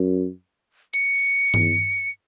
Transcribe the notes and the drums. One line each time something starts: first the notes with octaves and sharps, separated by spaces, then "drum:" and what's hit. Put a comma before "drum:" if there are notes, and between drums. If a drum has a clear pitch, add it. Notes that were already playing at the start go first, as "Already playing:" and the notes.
Already playing: F#2
C#7, drum: hi-hat
E2, drum: tom G2